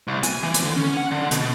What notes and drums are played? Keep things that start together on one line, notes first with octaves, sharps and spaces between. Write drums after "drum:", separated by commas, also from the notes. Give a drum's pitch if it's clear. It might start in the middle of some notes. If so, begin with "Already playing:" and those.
C2
G#5, drum: hi-hat
E3
drum: hi-hat
D3
C#4
F#5
D3
B2, drum: hi-hat